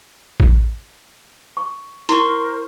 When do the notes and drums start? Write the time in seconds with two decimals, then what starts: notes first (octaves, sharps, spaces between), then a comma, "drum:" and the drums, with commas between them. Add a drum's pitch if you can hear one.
0.40 drum: kick A1
1.57 C#6
2.09 E4 A#4 C5 C6 C#6, drum: hi-hat